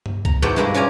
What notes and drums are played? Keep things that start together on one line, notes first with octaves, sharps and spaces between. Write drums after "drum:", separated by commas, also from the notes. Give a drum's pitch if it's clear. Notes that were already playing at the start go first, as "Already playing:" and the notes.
drum: tom G2
A#5, drum: kick C2
G#2 B2 A3 B3 E4 G4
G2 G#3 A#3 E5
C#4 F4 D5 G#5 A#5